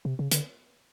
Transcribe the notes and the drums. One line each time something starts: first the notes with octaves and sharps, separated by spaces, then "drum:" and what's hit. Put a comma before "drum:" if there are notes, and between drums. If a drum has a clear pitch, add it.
C3
C#3
D3, drum: hi-hat